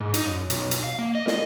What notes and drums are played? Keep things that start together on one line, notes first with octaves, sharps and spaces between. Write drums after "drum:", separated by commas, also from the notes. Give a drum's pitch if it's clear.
G#2
D#4, drum: hi-hat
F#2
B1, drum: hi-hat
drum: hi-hat
F5
A#3
D#5
D#5, drum: snare